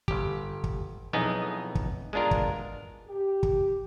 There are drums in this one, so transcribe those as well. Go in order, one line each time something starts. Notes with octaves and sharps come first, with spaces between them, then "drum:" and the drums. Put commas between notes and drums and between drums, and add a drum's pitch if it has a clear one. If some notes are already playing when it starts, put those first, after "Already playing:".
G1 G4, drum: kick
drum: kick
B1 F2 B3 D#4 E4 G#4
drum: kick
G#3 B3 D4 F4 A#4
drum: kick
G4
drum: kick